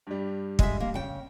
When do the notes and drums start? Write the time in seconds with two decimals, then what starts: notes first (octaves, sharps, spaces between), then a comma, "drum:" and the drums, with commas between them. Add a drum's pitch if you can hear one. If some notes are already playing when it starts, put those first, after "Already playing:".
0.07 G2 G3
0.59 G#3 E5, drum: kick
0.80 A#3
0.94 C#3 G5